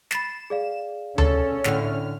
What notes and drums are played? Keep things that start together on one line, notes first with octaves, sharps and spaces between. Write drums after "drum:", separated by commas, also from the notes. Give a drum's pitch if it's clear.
B5 A6 C7 E7, drum: snare
G#4 D5 F5
C#4 A4, drum: tom D2
A2 D3 F6, drum: snare